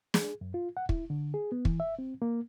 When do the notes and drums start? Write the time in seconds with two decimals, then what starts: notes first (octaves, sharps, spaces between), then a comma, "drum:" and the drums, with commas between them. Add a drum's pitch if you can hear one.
0.14 G#4, drum: snare
0.41 F#2
0.54 F4
0.77 F#5
0.89 E4, drum: kick
1.10 D3
1.34 G#4
1.52 B3
1.65 E3, drum: kick
1.80 E5
1.99 C4
2.22 A#3